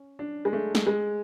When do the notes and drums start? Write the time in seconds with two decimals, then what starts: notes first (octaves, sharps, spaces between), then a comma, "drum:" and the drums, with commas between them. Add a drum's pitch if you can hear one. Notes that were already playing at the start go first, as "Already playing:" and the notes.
Already playing: C#4
0.19 D4
0.45 G#3
0.53 A3
0.75 drum: snare
0.87 G#3